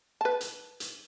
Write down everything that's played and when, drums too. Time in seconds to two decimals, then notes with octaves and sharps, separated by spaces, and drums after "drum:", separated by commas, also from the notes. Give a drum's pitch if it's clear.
0.21 B4 A5
0.41 drum: hi-hat
0.80 drum: hi-hat